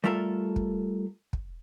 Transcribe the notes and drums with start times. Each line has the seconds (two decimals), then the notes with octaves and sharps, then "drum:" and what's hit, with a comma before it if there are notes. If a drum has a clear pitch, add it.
0.04 G3 A3 F4 A4 A#4
0.56 drum: kick
1.33 drum: kick